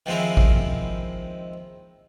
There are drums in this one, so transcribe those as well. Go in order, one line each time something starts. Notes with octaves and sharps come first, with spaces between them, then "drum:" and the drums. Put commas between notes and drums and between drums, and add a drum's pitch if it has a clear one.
D#3 F3 G#3 C4 E4
drum: kick G#1